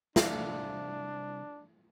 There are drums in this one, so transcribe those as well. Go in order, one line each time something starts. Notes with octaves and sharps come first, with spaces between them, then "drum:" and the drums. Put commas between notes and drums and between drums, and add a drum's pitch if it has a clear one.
C2 D4 E5 F5, drum: snare